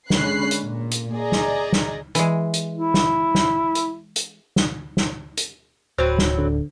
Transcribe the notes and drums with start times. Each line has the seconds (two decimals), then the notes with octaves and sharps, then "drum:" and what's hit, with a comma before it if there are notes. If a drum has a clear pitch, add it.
0.10 D3 G#3 C#4 B5 F#6 C7, drum: snare
0.51 drum: hi-hat
0.63 A#2
0.91 drum: hi-hat
1.15 G#4 D5 D#5 A#5
1.32 drum: snare
1.73 drum: snare
2.15 E3 G#3, drum: hi-hat
2.54 drum: hi-hat
2.76 E4
2.94 drum: snare
3.35 drum: snare
3.75 drum: hi-hat
4.16 drum: hi-hat
4.56 drum: snare
4.97 drum: snare
5.37 drum: hi-hat
5.98 D1 F#3 C4 B4 C5
6.18 drum: snare
6.38 D3